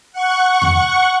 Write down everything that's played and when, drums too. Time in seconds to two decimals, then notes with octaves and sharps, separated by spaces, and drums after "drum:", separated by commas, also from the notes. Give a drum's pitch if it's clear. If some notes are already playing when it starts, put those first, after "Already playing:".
0.12 F#5 C#6
0.62 drum: tom E2